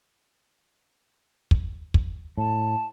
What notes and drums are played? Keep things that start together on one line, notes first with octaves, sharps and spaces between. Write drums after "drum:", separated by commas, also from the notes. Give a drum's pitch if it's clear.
drum: kick
drum: kick
A2 A5